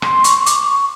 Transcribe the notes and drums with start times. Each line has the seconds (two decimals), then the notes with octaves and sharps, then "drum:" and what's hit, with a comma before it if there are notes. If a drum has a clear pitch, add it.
0.02 C6, drum: rim click
0.24 C#6, drum: hi-hat
0.39 C#6
0.46 D6, drum: hi-hat
0.67 C#6